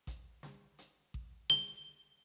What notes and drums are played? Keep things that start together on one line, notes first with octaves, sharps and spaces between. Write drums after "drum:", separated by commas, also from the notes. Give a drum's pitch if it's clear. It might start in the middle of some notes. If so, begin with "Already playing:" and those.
drum: kick A1, hi-hat
drum: snare
drum: hi-hat
drum: kick A1
G7, drum: snare